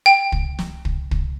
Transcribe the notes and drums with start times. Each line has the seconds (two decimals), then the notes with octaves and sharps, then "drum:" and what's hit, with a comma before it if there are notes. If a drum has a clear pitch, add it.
0.06 G5
0.32 drum: kick
0.59 drum: snare
0.85 drum: kick
1.11 drum: kick